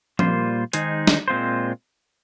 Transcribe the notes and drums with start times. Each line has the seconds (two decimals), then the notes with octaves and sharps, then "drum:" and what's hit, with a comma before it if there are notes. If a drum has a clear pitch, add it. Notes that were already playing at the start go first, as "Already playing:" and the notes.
0.19 A#2 G3 A#3 F4 C5, drum: tom F3
0.73 D#3 G#3 D#4 G#4 C5, drum: hi-hat
1.07 drum: snare
1.28 A#2 G#3 C4 F4 C5